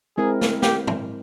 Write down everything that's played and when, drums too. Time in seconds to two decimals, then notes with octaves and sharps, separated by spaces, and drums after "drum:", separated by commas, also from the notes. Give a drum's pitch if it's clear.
0.17 G#3 C4 E4 G#4 A#4
0.41 drum: snare
0.62 G4, drum: snare
0.87 drum: tom